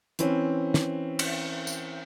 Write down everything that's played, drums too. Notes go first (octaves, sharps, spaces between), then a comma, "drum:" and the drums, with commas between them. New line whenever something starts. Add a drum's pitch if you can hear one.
E3 C4 C#4, drum: hi-hat
drum: snare
drum: cymbal
drum: tambourine